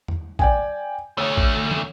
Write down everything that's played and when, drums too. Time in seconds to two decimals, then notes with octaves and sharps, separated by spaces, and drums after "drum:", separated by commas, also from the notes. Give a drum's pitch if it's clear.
0.08 drum: tom
0.39 D5 G5 G#5, drum: kick A1
1.18 D2 A3 C#5
1.37 drum: kick A1
1.71 drum: tom